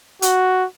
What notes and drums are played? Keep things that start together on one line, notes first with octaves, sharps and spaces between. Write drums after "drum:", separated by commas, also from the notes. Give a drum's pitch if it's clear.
F#4, drum: hi-hat